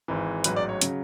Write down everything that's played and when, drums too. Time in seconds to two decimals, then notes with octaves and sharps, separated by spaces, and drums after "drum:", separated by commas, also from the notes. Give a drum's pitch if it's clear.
0.08 G#1 G#2 E3
0.44 A1 G#2 F#3 B4, drum: hi-hat
0.56 D5
0.69 C#5
0.81 C#3 F#3, drum: hi-hat